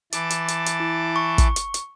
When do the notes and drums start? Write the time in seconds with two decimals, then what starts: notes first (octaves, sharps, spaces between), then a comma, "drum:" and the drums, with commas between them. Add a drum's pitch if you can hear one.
0.12 E3 A5 D6, drum: hi-hat
0.30 drum: hi-hat
0.48 drum: hi-hat
0.66 drum: hi-hat
0.80 E4
1.16 C#6
1.38 drum: kick, hi-hat
1.56 drum: hi-hat
1.74 drum: hi-hat